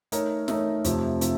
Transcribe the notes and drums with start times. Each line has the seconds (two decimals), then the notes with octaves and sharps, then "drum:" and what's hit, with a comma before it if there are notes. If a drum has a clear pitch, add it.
0.12 A3 D#4 A#4 C#5, drum: hi-hat
0.48 A3 D#4 A#4 C#5, drum: snare
0.84 F2 C3 F3 A3, drum: hi-hat
1.21 C3 F3 A3, drum: hi-hat